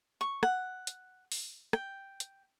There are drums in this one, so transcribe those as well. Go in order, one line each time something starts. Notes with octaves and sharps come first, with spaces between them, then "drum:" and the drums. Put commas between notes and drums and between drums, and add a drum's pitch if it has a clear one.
C#6
F#5, drum: rim click
drum: hi-hat
drum: open hi-hat
G5, drum: rim click
drum: hi-hat